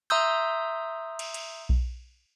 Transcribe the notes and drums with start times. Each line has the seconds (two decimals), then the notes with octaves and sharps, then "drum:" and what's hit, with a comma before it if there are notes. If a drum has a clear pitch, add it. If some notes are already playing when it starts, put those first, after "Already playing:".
0.10 E5 A#5 C6 D#6 E6 G6
1.19 drum: cymbal
1.34 drum: cymbal
1.69 drum: kick B1